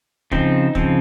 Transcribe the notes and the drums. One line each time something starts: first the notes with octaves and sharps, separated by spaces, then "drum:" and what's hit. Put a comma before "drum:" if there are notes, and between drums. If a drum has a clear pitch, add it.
C#3 F3 C4 D#4, drum: kick
C#3 F3 C4, drum: kick